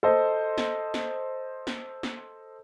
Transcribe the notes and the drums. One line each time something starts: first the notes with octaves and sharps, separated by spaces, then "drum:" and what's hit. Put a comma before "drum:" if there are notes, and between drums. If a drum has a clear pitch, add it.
A4 C5 D#5
drum: snare
drum: snare
drum: snare
drum: snare